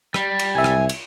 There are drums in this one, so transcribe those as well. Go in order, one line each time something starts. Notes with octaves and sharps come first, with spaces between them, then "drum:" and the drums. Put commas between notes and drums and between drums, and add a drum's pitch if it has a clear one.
G3, drum: rim click
drum: cymbal
C2 E5 G#5 G#6
drum: rim click
drum: cymbal